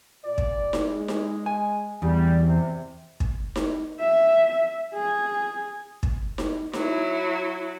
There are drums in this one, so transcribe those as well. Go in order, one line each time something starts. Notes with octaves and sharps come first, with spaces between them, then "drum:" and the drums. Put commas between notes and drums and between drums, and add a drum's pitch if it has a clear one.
A#2 D5
drum: kick
drum: snare D#4
G#3
drum: snare D#4
G#5
E2 G3
C3
drum: kick
drum: snare D#4
E5
G#4
drum: kick
drum: snare D#4
F#3 E4, drum: snare D#4